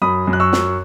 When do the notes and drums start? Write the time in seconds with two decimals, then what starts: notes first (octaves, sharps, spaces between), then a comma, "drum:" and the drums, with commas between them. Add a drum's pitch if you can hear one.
0.02 F#2 B5 D#6
0.27 F#2
0.33 F#6
0.40 C#6 E6
0.53 F#2, drum: snare